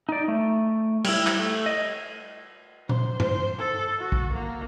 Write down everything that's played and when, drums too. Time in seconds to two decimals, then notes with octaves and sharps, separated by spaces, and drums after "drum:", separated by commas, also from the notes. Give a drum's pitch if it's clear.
0.09 D#4 D5
0.28 A3
1.04 G3 E4, drum: cymbal
1.27 drum: clap
1.39 A3
1.66 D#5
2.89 C5, drum: tom A#2
3.20 C5, drum: tom G2
3.59 A4
3.99 F#4
4.12 drum: kick
4.33 A#3